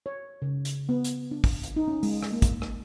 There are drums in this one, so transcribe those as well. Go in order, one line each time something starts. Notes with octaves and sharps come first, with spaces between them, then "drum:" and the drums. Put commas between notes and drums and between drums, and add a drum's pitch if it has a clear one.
C#5
C#3
drum: hi-hat
B3
drum: hi-hat
D4
drum: kick, open hi-hat
drum: hi-hat
D#4
C#4
G#3, drum: open hi-hat
drum: rim click
A#3
drum: kick, hi-hat
drum: rim click